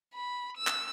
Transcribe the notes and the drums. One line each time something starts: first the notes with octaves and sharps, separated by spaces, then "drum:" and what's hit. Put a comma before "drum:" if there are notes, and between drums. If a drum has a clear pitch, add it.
B5
E6
drum: clap